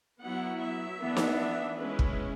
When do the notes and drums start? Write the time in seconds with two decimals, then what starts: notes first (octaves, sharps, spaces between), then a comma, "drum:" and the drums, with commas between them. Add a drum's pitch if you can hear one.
0.22 F#3 B3 E4 F#5
0.61 E5
1.01 E3 B3 D4
1.17 drum: snare
1.79 G#3 C#4 E4 B4
1.99 drum: kick